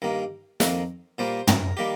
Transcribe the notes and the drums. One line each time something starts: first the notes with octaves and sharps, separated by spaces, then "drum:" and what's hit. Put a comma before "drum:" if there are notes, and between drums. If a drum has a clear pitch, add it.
G2 D#3 A#3
F2 D#3 A#3, drum: snare
A#2 G3 A#3 C5
A#4, drum: tom
D#3 G3 A#3 G4